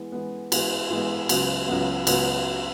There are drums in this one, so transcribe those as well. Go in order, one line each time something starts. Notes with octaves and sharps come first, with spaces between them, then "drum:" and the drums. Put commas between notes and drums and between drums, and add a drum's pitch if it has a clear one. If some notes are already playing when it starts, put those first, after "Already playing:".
Already playing: E3 G#3 B3
E3 G#3 B3
E3 G#3 B3, drum: cymbal
E3 G#3 B3
C#2 C#3 F#3 B3, drum: cymbal
C#2 C#3 F#3 B3
C#2 C#3 F#3 B3, drum: cymbal